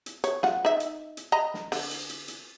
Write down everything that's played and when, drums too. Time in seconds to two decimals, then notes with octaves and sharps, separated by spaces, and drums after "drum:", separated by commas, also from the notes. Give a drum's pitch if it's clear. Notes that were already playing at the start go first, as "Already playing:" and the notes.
0.06 drum: hi-hat
0.24 C#5, drum: hi-hat
0.43 F4 F#5, drum: snare
0.65 D#4 E5
0.80 drum: hi-hat
1.17 drum: hi-hat
1.32 D#5 A#5 B5
1.54 drum: snare
1.72 D3, drum: open hi-hat
1.91 drum: hi-hat
2.09 drum: hi-hat
2.28 drum: hi-hat